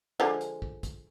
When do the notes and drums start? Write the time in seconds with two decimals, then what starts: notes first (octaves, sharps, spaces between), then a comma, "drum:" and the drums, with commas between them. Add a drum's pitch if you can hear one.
0.20 D3 F3 G#3
0.41 drum: hi-hat
0.62 drum: kick
0.83 drum: kick, hi-hat